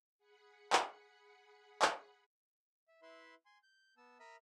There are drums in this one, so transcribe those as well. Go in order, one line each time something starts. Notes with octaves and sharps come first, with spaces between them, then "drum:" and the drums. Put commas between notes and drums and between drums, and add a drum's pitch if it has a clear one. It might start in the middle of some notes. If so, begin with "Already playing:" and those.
G#4 F#5 B5 C#7
drum: clap
drum: clap
E5
E4 B4 E5 C6
G#5 C6
G6
B3 A5 E6
A#4 E5 A#5 B5 D#6 F6